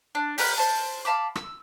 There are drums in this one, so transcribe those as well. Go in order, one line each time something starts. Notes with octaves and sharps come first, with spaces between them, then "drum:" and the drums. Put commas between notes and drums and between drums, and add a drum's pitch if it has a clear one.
D4
G4 A#4 B4 F#5, drum: open hi-hat
C5 A5
F5 A5 B5 D6
E6, drum: rim click